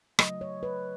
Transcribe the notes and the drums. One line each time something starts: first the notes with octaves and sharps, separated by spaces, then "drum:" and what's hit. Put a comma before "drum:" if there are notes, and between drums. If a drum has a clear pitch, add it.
C#3 F#3 A3 D#5, drum: rim click
C#5
B4